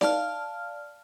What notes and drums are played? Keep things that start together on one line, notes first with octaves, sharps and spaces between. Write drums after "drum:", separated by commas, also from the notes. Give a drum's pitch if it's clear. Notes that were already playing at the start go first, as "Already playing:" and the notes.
D5 F5 A5 F6, drum: snare D#4